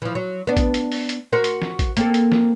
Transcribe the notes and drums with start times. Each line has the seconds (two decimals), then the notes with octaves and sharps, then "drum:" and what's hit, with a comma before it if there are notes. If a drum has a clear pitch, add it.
0.02 E3 F3
0.15 F#3
0.47 B3 D4
0.57 drum: kick A1, hi-hat
0.74 drum: hi-hat
0.92 drum: open hi-hat
1.09 drum: hi-hat
1.33 F#4 A#4 C5
1.44 drum: hi-hat
1.62 drum: snare
1.79 drum: kick A1, hi-hat
1.97 A#3 C4 A4, drum: hi-hat
2.14 drum: hi-hat
2.32 drum: snare